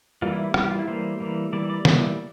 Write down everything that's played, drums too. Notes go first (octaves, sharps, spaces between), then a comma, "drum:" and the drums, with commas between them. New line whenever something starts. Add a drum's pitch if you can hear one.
E3 G3 A#3 F4
E4
E4
E3 G3 A#3 F4, drum: rim click
G4
F4
E4
E3 G3 A#3 C5
E3 G3 A#3
E3 G3 A#3 D5
D5
E3 G3 A#3, drum: snare